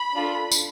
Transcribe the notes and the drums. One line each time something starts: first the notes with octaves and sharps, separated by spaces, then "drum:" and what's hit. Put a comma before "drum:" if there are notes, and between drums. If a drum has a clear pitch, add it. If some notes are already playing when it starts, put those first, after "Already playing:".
Already playing: B5
D4 F4 A4
drum: tambourine